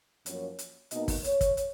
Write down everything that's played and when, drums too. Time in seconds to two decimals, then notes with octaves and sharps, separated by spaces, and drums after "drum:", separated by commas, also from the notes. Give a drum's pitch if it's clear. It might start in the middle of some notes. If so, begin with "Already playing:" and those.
0.26 F#2 F3 A#3 C#5, drum: hi-hat
0.59 drum: hi-hat
0.91 B2 A#3 D#4 D#5, drum: hi-hat
1.08 drum: kick, open hi-hat
1.24 C#5, drum: hi-hat
1.41 drum: kick, hi-hat
1.57 drum: hi-hat